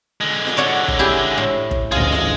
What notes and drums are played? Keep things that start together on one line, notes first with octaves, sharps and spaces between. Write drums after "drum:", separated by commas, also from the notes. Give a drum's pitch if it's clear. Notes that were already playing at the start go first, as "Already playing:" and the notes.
D3 G#3
drum: snare F4
F#4 C#5 D5
drum: kick
E4 G4 G#4
A2
drum: kick
A1 D2 G2 F4 G#4 D#5
drum: snare F4